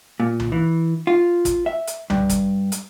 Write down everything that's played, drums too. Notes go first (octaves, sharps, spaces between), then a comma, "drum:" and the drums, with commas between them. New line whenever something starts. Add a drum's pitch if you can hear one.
A#2
drum: tom C2
E3
F4
drum: kick, hi-hat
E5
drum: hi-hat
G2, drum: tom C2
drum: kick, hi-hat
drum: hi-hat